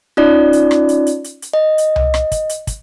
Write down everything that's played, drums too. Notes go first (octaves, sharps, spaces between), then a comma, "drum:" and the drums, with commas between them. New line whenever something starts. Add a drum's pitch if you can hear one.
C#4 D#4 F4 D5
drum: hi-hat
drum: rim click
drum: hi-hat
drum: hi-hat
drum: hi-hat
drum: hi-hat
D#5
drum: hi-hat
drum: tom C2
drum: rim click
drum: kick, hi-hat
drum: hi-hat
drum: kick, hi-hat